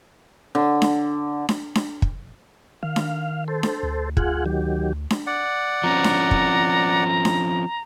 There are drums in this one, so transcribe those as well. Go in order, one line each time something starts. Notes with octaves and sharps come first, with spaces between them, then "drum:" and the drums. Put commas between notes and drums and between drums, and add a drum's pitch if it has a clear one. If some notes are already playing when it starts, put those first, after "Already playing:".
D3
drum: snare D4
drum: snare D4
drum: snare D4
drum: kick
D#3 F5
drum: snare D4
A4 C5
drum: snare D4
D2
F4 G#4 F#5, drum: kick
D#3 F#3 G4
drum: snare D4
D5 F#5
F3 C4 C#4 A#5
drum: snare D4
drum: kick
drum: snare D4